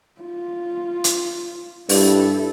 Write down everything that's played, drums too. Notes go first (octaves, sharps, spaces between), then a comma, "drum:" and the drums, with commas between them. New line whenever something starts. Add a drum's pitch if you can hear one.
F4
drum: hi-hat
G2 E4 A4, drum: open hi-hat